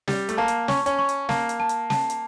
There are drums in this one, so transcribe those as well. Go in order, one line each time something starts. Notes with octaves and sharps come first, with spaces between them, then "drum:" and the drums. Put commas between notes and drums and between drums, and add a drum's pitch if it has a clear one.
G3 D5, drum: snare
A3, drum: hi-hat
A#3 A5
drum: hi-hat
C#4 C#6, drum: snare
C#4, drum: hi-hat
C#6
drum: hi-hat
A#3 A5, drum: snare
drum: hi-hat
A5
drum: hi-hat
A5, drum: snare
drum: hi-hat